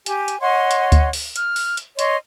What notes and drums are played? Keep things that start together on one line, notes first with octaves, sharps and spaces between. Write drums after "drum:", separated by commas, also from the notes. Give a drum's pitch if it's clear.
G4 G#5, drum: hi-hat
drum: hi-hat
C#5 D#5 F#5 C6
drum: hi-hat
drum: kick D2, hi-hat
drum: open hi-hat
F6, drum: hi-hat
drum: open hi-hat
drum: hi-hat
C#5 D#5 C6, drum: hi-hat